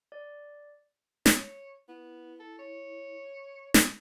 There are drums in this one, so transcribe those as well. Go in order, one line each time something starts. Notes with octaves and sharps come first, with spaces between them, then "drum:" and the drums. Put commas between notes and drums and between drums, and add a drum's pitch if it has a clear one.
D5
C#5, drum: snare
B3 E4
A4
C#5
drum: snare